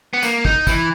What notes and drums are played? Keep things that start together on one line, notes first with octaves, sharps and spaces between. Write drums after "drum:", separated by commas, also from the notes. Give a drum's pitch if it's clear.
B3
A#3, drum: tambourine
D#4, drum: kick
E3, drum: kick, tambourine